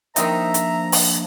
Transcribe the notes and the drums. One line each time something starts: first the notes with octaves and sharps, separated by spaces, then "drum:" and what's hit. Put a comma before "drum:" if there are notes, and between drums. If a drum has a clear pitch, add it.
D#3 F3 A#3 C4 D4 D#4 E5 A#5, drum: hi-hat
drum: hi-hat
drum: open hi-hat